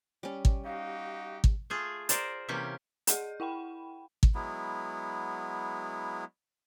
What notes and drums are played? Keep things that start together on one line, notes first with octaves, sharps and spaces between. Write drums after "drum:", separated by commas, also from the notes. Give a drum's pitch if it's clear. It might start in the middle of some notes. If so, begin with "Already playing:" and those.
G3 C#4
drum: kick
D#4 F#4 G4 F5
drum: kick
A3 F4 G#4
A#4 C5 D5 A#5, drum: hi-hat
C3 E3 A#3 C#4 G4
G#4 D#5 F#5 G6, drum: hi-hat
E4 F#5 G5 B5
drum: kick
F#3 G#3 B3 E4